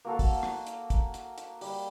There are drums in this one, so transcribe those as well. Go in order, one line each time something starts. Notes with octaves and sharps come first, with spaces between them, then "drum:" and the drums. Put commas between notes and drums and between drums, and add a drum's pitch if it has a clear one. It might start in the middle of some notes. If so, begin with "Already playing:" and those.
A#3 F#4 A4 F5
drum: kick, open hi-hat
drum: rim click
drum: hi-hat
drum: kick, hi-hat
drum: hi-hat
drum: hi-hat
G3, drum: open hi-hat